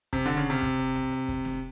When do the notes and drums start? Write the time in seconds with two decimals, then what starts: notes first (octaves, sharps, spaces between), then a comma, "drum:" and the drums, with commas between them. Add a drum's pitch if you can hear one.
0.13 C3, drum: kick
0.26 D3
0.37 C#3
0.50 C3
0.62 drum: kick, hi-hat
0.79 drum: hi-hat
0.95 drum: tom B1
1.12 drum: hi-hat
1.28 drum: kick, hi-hat
1.45 drum: snare